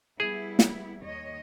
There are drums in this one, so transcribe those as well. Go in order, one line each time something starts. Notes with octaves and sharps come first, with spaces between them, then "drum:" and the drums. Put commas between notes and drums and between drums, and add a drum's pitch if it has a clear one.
G3 B3 E4 G#4
drum: snare
D#2 C#5 D#5